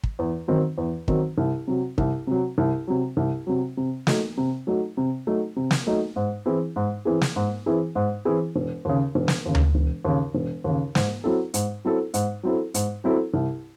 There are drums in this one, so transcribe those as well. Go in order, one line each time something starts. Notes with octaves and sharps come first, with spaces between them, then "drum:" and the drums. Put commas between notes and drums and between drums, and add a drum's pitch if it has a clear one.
drum: kick
E2
D#3 F#3 C4
E2
D#3 F#3 C4, drum: kick
C2
C3 F#3
C2, drum: kick
C3 F#3
C2
C3 F#3
C2
C3 F#3
C3
F#3 A3 D#4, drum: snare
C3
F#3 A3 D#4
C3
F#3 A3 D#4
C3
drum: snare
F#3 A3 D#4
G#2
E3 C4 E4 G#4
G#2
E3 C4 E4 G#4
drum: snare
G#2
E3 C4 E4 G#4
G#2
E3 C4 E4 G#4
E1
D#2 C#3
E1
drum: snare
D#2 C#3
drum: tom D2
E1
D#2 C#3
E1
D#2 C#3
G#2, drum: snare
F#3 C4 E4 A4
G#2, drum: hi-hat
F#3 C4 E4 A4
G#2, drum: hi-hat
F#3 C4 E4 A4
G#2, drum: hi-hat
F#3 C4 E4 A4
C2